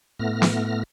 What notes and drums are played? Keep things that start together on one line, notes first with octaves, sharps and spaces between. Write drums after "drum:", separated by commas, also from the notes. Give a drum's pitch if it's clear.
A2 A3 B3 F6 A#6
drum: snare